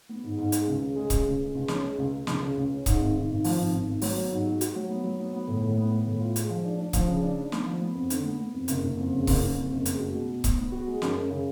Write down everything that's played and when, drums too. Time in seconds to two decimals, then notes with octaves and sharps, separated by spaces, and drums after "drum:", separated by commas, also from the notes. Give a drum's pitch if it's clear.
0.09 B3
0.23 G#2
0.38 G#2
0.52 G#3, drum: hi-hat
0.67 C#2
0.82 C#3
0.96 G#3
1.10 C#3, drum: kick C#1, hi-hat
1.26 C#2
1.40 G#3
1.55 C#2
1.68 C#4, drum: snare
1.84 G#3
1.98 C#2
2.13 G#3
2.27 C#2, drum: snare
2.42 C#3
2.57 C#2
2.71 C#4
2.86 G#2, drum: kick C#1, hi-hat
3.01 G#1
3.14 G#1
3.29 G#1
3.44 F3, drum: open hi-hat
3.59 G#1
3.72 G#1
3.88 G#1
4.02 F#3, drum: open hi-hat
4.16 B3
4.31 G#2
4.46 F#4
4.61 F#4, drum: hi-hat
4.76 F#3
4.89 B3
5.04 F#3
5.19 B3
5.33 B3
5.47 A2
5.62 A2
5.78 B3
5.91 B3
6.07 A2
6.20 F4
6.36 G#3, drum: hi-hat
6.50 F3
6.65 D4
6.78 D4
6.93 F3, drum: kick C#1, hi-hat
7.07 C#3
7.23 D4
7.38 D4
7.52 B3, drum: snare
7.66 F3
7.80 B3
7.95 F2
8.10 D3, drum: hi-hat
8.24 B3
8.39 B3
8.54 F2
8.68 F#1, drum: hi-hat
8.84 F#1
8.97 F2
9.13 C#3
9.27 F#1, drum: kick C#1, open hi-hat
9.42 F#1
9.56 F2
9.71 F#1
9.86 G#3, drum: hi-hat
10.00 F#4
10.14 B2
10.28 B2
10.44 B3, drum: kick C#1, hi-hat
10.58 B3
10.72 F#4
10.87 G#3
11.02 F#2, drum: snare
11.17 F#2
11.30 C#3